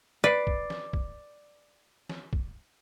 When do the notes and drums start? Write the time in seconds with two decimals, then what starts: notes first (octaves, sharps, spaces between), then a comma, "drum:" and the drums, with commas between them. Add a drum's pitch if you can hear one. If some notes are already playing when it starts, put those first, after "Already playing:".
0.24 B4 D5 C7
0.47 drum: kick
0.70 drum: snare
0.93 drum: kick
2.09 drum: snare
2.33 drum: kick